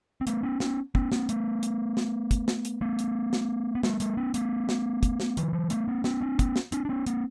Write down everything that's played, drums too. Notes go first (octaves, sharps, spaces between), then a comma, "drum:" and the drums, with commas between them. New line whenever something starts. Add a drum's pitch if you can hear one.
C4
A3 B3, drum: hi-hat
B3 C#4
B3 C#4, drum: snare
B3 C#4, drum: kick
A#3 C4, drum: snare
A3 B3, drum: hi-hat
drum: hi-hat
drum: snare
drum: kick, hi-hat
drum: snare
drum: hi-hat
A3 B3
drum: hi-hat
drum: snare
B3
G#3 A#3, drum: snare
G#3 A#3, drum: hi-hat
B3 C#4
A3 B3, drum: hi-hat
drum: snare
drum: kick, hi-hat
drum: snare
D#3 F3, drum: hi-hat
E3 F#3
A3 B3, drum: hi-hat
A#3 C4
B3 C#4, drum: snare
C4 D4
B3 C#4, drum: kick, hi-hat
drum: snare
C4 D4, drum: hi-hat
D4
B3 C#4
A#3 C4, drum: hi-hat